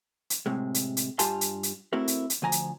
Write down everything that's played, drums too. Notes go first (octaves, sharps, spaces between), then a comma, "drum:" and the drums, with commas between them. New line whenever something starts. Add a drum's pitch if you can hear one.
drum: hi-hat
A2 C3 G#3
drum: hi-hat
drum: hi-hat
G2 F4 G4 G#5 A5 C6, drum: hi-hat
drum: hi-hat
drum: hi-hat
A3 C4 E4 F#4 A#4
drum: hi-hat
drum: hi-hat
D2 F3 G#5 A#5
drum: hi-hat